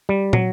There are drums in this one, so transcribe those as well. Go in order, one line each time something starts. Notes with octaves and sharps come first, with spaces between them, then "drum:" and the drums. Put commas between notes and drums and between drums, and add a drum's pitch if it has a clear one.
G3
F#3, drum: tom